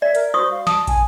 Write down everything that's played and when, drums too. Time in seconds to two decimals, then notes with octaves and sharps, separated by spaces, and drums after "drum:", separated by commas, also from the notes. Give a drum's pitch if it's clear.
0.02 D5 E5
0.15 A#4, drum: hi-hat
0.34 F#4 C5 C#6 D#6
0.51 F5
0.67 A5 D#6, drum: snare
0.87 G#5, drum: kick, hi-hat